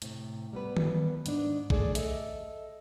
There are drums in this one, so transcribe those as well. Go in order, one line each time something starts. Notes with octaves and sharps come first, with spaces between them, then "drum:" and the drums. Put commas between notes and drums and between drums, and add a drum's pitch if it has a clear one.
A2 C3, drum: hi-hat
G3 B3 B4
drum: tom D#3
G#2 D#3 D4, drum: hi-hat
A3 G#4 D5, drum: kick
A4 D#5 E5, drum: hi-hat